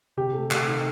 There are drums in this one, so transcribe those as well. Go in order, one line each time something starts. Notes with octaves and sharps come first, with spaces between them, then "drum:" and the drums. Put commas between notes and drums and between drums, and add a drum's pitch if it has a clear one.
C3 G4
A3
C3, drum: clap
D#3